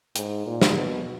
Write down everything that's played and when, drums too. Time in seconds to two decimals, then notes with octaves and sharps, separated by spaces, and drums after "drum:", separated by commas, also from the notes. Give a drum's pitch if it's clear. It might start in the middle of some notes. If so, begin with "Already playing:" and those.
0.16 G#2, drum: hi-hat
0.46 A#2
0.62 drum: snare
0.76 B2